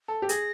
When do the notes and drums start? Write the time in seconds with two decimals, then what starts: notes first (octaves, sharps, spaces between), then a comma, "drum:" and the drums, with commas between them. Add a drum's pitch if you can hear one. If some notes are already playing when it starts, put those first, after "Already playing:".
0.08 A4
0.22 G4
0.29 G#4 A#6, drum: hi-hat